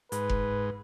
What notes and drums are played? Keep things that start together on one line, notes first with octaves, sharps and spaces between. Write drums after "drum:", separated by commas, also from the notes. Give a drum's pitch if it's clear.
G#2 B4, drum: hi-hat
drum: kick F1